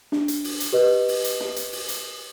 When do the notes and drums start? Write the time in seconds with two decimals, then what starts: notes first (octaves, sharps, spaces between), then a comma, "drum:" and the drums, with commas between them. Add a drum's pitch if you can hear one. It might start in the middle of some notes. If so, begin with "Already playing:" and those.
0.12 D4, drum: snare
0.28 drum: hi-hat
0.44 drum: open hi-hat
0.60 drum: hi-hat
0.73 G4 B4 D#5
1.08 drum: open hi-hat
1.24 drum: hi-hat
1.40 drum: snare
1.56 drum: hi-hat
1.72 drum: open hi-hat
1.88 drum: hi-hat